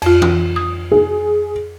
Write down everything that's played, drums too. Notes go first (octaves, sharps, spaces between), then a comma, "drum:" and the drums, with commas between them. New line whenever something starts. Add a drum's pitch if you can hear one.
F2 F4, drum: cymbal
drum: tom E3
D#6
G#4